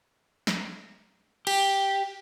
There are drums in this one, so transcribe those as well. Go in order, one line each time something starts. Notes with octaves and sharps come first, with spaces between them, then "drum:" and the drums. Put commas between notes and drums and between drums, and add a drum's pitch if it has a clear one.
drum: snare
G4, drum: cymbal